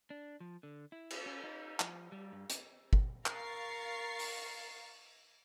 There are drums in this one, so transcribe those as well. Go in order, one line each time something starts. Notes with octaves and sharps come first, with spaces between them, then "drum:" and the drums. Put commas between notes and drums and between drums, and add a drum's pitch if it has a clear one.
D4
F3
D3
E4
drum: cymbal
C#4
D#4
F3, drum: clap
G3
G2
drum: hi-hat
drum: kick
A#4 F5 C#6 A6 C7, drum: clap
drum: open hi-hat